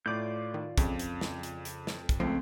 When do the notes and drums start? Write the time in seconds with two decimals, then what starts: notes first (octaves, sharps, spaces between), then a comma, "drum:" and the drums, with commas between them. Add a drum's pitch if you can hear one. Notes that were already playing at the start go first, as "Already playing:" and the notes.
0.06 A2 F4 D5 D6 G6
0.54 D#3
0.78 F2 C#3, drum: kick, hi-hat
0.99 drum: hi-hat
1.21 drum: snare
1.43 drum: hi-hat
1.65 drum: hi-hat
1.87 drum: snare
2.09 drum: kick, hi-hat
2.20 C#2 F3 A3 C4